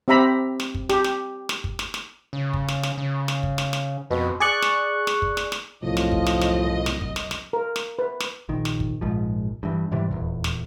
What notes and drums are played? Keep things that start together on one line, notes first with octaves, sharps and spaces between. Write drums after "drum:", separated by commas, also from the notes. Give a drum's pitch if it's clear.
C4 G4 E5 A#5 B5
drum: snare
drum: kick
G4, drum: snare
drum: snare
drum: snare
drum: kick
drum: snare
drum: snare
C#3
drum: kick
drum: snare
drum: snare
C#3
drum: snare
drum: kick
drum: snare
drum: snare
F2 B2
G#4 D5 C#6 F#6
drum: snare
drum: snare
drum: kick
drum: snare
drum: snare
C2 F#2 A2 F3 D#5
drum: snare
drum: kick
drum: snare
drum: snare
drum: snare
drum: kick
drum: snare
drum: snare
A#4
drum: snare
B4
drum: snare
A#1 D#3
drum: snare
drum: kick
A#1 G#2 F3
G2 E3
G#2 C3 E3 G3
D#1 E2
drum: snare